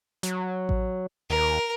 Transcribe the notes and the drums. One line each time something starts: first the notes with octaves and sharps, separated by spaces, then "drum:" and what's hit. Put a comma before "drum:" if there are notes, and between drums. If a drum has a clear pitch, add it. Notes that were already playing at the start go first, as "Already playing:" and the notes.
F#3, drum: hi-hat
drum: kick A1
D#2 A#4